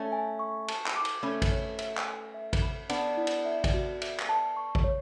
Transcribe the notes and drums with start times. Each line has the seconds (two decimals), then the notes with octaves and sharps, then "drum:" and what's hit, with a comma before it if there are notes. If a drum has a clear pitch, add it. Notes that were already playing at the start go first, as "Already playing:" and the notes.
Already playing: A3 C#4
0.12 G#5
0.39 C#6
0.68 A5, drum: cymbal
0.86 drum: clap
0.96 D6
1.05 drum: cymbal
1.23 A3 C#4 B5
1.42 drum: kick A1, cymbal
1.52 C#5
1.79 E5, drum: cymbal
1.97 drum: clap
2.07 G#5
2.34 E5
2.53 drum: kick A1, cymbal
2.62 B5
2.89 B3 D4 F#5, drum: cymbal
3.17 E4
3.27 drum: cymbal
3.45 E5
3.64 drum: kick A1, cymbal
3.74 F#4
4.02 E5, drum: cymbal
4.19 drum: clap
4.29 A5
4.57 C#6
4.75 drum: kick A1
4.84 C#5